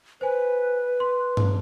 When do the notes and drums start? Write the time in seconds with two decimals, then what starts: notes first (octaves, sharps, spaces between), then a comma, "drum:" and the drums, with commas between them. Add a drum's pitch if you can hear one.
0.21 B4 C5 G#5
1.00 C6
1.37 drum: tom G2